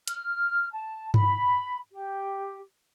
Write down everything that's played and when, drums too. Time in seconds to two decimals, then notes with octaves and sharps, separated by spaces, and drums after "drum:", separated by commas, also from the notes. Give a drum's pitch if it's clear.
0.08 F6, drum: hi-hat
0.71 A5
1.14 B5, drum: tom G2
1.92 G4